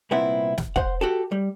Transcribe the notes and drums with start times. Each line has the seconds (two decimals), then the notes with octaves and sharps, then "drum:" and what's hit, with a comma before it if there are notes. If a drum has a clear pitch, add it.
0.11 C2 A#2 B3 C4 E4 F#5
0.58 drum: snare
0.76 C5 F#5, drum: kick
1.01 F#4 G4 A4
1.32 G3